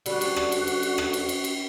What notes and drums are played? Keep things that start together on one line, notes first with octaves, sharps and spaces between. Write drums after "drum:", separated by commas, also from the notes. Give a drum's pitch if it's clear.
D3 G3 F#4, drum: cymbal
drum: cymbal
drum: rim click
drum: cymbal
drum: cymbal
drum: cymbal
drum: rim click
drum: cymbal
drum: cymbal
drum: cymbal